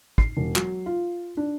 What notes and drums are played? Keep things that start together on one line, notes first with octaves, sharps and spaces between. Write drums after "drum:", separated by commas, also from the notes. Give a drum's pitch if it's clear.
C7, drum: kick
E1
F#3, drum: clap
F4
D4